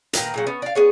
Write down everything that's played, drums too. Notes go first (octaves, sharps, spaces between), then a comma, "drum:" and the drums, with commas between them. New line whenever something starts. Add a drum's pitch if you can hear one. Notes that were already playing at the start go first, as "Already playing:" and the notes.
A#2 D#3 A#4 B4, drum: hi-hat
A#2 C#3 F#3
B3 C#4
D5 F5
B3 G#4 C#5